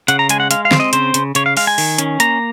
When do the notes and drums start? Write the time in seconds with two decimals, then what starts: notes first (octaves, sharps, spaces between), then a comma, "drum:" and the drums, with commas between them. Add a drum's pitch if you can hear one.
0.08 C#3 F#5, drum: hi-hat
0.19 A#5
0.29 G#3 G#5, drum: hi-hat
0.40 F#5
0.51 G#3 F5, drum: hi-hat
0.65 F5
0.71 C4, drum: snare
0.80 D#5
0.93 C#3 C5, drum: hi-hat
1.14 C#3, drum: hi-hat
1.35 C#3 C#5, drum: hi-hat
1.46 F5
1.57 G#3 F5, drum: open hi-hat
1.67 G#5
1.78 D#3, drum: open hi-hat
1.98 C#4, drum: hi-hat
2.20 A#3 A#5, drum: hi-hat